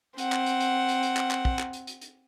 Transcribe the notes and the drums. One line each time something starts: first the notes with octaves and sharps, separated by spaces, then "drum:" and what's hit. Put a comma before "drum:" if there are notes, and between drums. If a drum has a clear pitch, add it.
C4 F#5, drum: hi-hat
drum: clap
drum: hi-hat
drum: hi-hat
drum: hi-hat
drum: hi-hat
drum: clap
drum: clap
drum: kick
drum: clap
drum: hi-hat
drum: hi-hat
drum: hi-hat